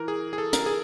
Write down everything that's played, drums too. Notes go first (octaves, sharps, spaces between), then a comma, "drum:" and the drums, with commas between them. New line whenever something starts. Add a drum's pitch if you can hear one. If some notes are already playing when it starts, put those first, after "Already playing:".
Already playing: E3 A#4
G#4
G#4
A4
A#4, drum: hi-hat
G#4